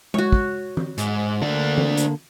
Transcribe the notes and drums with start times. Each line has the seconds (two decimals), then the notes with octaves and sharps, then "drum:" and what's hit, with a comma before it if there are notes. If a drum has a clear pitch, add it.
0.14 F#4 C#5, drum: tom G#3
0.32 drum: kick
0.77 drum: tom E3
0.98 G#2, drum: hi-hat
1.42 D3 A3 A#3 D4
1.78 drum: tom E3
1.97 drum: hi-hat